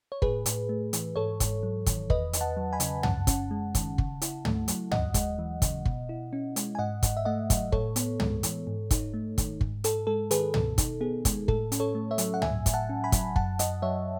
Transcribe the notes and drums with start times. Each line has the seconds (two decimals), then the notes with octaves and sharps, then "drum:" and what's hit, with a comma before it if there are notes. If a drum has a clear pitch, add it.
0.12 C#5
0.22 A2 G#4 B4, drum: kick
0.46 A2, drum: hi-hat
0.69 A3
0.93 E3, drum: hi-hat
1.16 G#2 A4 C#5
1.40 G#2, drum: kick, hi-hat
1.63 F#3
1.86 D#3, drum: kick, hi-hat
2.10 E2 B4 D#5, drum: kick
2.33 E2, drum: hi-hat
2.41 F#5 A5
2.57 F#3
2.73 G#5 B5
2.80 C#3, drum: hi-hat
3.03 F#2 F#5 A5, drum: tom
3.27 C#4, drum: kick, hi-hat
3.51 G#3
3.75 D#3, drum: kick, hi-hat
3.98 C#3, drum: kick
4.22 E4, drum: hi-hat
4.45 A3, drum: tom
4.68 F#3, drum: hi-hat
4.91 D#2 D#5 F#5, drum: tom
5.14 G#3, drum: kick, hi-hat
5.39 E3
5.62 C#3, drum: kick, hi-hat
5.85 B2, drum: kick
6.09 E4
6.33 C#4
6.56 G#3, drum: hi-hat
6.75 G#5
6.79 G#2 D#5 F#5
7.03 G#2, drum: kick, hi-hat
7.17 E5
7.25 A3 D#5 F#5
7.50 F#3, drum: kick, hi-hat
7.72 A2 A4 C#5, drum: kick
7.96 B3, drum: hi-hat
8.20 G#3, drum: tom
8.43 E3, drum: hi-hat
8.67 G#2
8.91 D#4, drum: kick, hi-hat
9.14 A3
9.38 D#3, drum: kick, hi-hat
9.61 G#2, drum: kick
9.84 G#2 A4, drum: hi-hat
10.07 G#3 A4
10.31 D#3 G#4 B4, drum: hi-hat
10.54 B2 A4, drum: tom
10.78 D#4, drum: kick, hi-hat
11.01 B3 G#4
11.25 G#3, drum: kick, hi-hat
11.48 A2 A4, drum: kick
11.72 C#4, drum: hi-hat
11.80 A4 C#5
11.95 A3
12.11 C#5 E5
12.18 F#3, drum: hi-hat
12.34 F#5
12.42 A2 E5 G#5, drum: tom
12.66 A2, drum: kick, hi-hat
12.74 F#5 A5
12.89 C#4
13.04 G#5 B5
13.12 F#3, drum: kick, hi-hat
13.36 F#2 F#5 A5, drum: kick
13.59 F#2 D#5 F#5, drum: hi-hat
13.82 F#3 C#5 E5